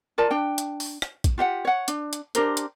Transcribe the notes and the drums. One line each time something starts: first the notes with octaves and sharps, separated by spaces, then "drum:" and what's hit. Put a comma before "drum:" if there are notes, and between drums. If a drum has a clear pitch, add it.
F4 A#4 D5 A5
D4 G5
drum: hi-hat
drum: open hi-hat
drum: rim click
drum: kick A#1, hi-hat
F4 G4 F5 F#5
C#5 F#5
D4, drum: hi-hat
drum: hi-hat
D4 G4 A#4 C5, drum: hi-hat
drum: hi-hat